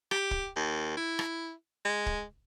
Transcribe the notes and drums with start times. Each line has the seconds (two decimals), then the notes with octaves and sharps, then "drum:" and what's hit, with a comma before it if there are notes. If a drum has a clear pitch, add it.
0.11 G4, drum: rim click
0.31 drum: kick
0.56 D#2
0.97 E4
1.19 drum: rim click
1.85 G#3
2.06 drum: kick